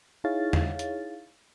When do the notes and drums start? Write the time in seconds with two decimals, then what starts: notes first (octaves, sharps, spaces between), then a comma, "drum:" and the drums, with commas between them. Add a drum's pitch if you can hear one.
0.24 D#4 E4 G#4 C#5 F5 A6
0.53 drum: tom E2
0.79 drum: hi-hat